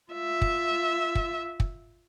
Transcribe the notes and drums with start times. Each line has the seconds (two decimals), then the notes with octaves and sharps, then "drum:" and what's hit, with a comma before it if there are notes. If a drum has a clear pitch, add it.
0.12 F4 E5
0.42 drum: kick
1.15 drum: kick
1.60 drum: kick